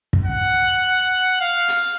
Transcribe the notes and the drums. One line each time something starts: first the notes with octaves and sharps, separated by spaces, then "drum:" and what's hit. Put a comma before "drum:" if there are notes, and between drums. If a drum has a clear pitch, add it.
drum: kick
F#5
F5
drum: hi-hat